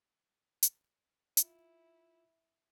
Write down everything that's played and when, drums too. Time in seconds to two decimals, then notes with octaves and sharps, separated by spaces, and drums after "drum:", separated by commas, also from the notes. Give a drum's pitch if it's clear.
0.63 drum: hi-hat
1.37 E4 F4, drum: hi-hat